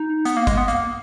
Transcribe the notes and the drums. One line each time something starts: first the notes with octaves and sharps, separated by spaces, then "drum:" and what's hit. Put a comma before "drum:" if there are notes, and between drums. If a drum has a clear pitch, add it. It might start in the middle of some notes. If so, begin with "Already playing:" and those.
Already playing: D#4
B3, drum: hi-hat
A#3
G#3, drum: kick, hi-hat
B3
A#3, drum: hi-hat